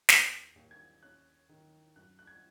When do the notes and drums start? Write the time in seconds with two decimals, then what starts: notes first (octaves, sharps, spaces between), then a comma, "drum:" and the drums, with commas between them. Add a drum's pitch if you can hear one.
0.09 D#2 D#6, drum: snare
0.56 D#2
0.71 G#6
1.02 C#4 F#6
1.49 D#3
1.96 F#2 F#6
2.19 F#6
2.27 G#6